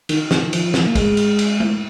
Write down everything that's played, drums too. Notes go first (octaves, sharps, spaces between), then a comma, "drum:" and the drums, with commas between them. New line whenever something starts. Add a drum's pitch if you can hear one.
D#3, drum: cymbal
drum: snare
D#3
F3, drum: cymbal
drum: snare
A#3
G#3, drum: kick, cymbal
drum: cymbal
drum: cymbal
drum: tom G#3